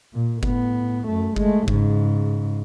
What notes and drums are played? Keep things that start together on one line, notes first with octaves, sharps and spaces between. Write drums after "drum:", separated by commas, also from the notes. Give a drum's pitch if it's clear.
A#2
A2 B3, drum: kick G1
F#2 A3
G#3 A3, drum: kick G1
G#2 C#3, drum: kick G1